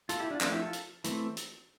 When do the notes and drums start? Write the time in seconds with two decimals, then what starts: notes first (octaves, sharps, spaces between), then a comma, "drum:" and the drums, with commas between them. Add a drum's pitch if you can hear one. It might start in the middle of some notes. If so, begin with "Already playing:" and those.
0.09 F4 A4, drum: hi-hat
0.20 E4 G4
0.31 D4 F4
0.41 F3 A3 C4 D4 F4, drum: clap
0.52 E4 G4
0.62 F4 A4
0.73 drum: hi-hat
1.04 E3 A3 C4, drum: hi-hat
1.37 drum: hi-hat